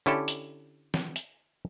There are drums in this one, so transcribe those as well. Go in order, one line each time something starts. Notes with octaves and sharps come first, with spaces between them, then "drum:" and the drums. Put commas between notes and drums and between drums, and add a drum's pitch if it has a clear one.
D3 C#4 E4 G4 A4
drum: hi-hat
drum: snare
drum: hi-hat